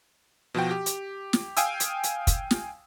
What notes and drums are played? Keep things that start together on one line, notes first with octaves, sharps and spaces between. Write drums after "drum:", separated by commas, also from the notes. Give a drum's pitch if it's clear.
B2 F3 F#4 G5
G4
drum: hi-hat
drum: snare
F5 G5 G#5 D#6 E6, drum: hi-hat
drum: hi-hat
drum: hi-hat
drum: kick, hi-hat
drum: snare